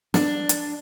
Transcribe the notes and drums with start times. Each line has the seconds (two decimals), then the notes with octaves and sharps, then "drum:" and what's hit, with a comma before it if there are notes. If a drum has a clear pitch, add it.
0.14 D4, drum: snare
0.49 drum: hi-hat